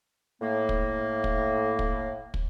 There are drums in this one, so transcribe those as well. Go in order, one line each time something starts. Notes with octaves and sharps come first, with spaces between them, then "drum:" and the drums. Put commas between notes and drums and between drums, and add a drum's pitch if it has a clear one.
A2 A#3
drum: kick
drum: kick
drum: kick
drum: kick